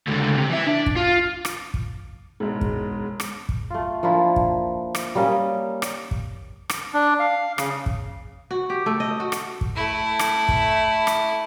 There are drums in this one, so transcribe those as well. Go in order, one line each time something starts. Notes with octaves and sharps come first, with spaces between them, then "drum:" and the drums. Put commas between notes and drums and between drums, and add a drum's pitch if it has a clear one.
C#2 D3
C3
E3 E5
D4
drum: kick
F4
drum: rim click
drum: kick
E1 G#2
drum: kick
drum: rim click
drum: kick
A3 F4
F3 A#3 D4 E4
drum: kick
drum: rim click
G3 A#3 C#4 D#5
drum: rim click
drum: kick
drum: rim click
D4
F5
C#3, drum: rim click
drum: kick
F#4
G4
A3
D#5
F#4
drum: rim click
drum: kick
A3 E4
drum: rim click
drum: kick
drum: rim click